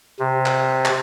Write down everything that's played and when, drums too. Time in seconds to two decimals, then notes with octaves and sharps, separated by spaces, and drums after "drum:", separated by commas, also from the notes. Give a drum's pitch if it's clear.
0.20 C3
0.46 drum: clap
0.85 drum: clap